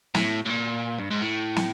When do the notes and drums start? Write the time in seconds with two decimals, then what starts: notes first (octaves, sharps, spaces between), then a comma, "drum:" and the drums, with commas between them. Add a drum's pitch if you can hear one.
0.15 A2, drum: snare
0.46 A2
0.50 A#2
0.99 G2
1.10 G#2
1.21 A2
1.56 drum: snare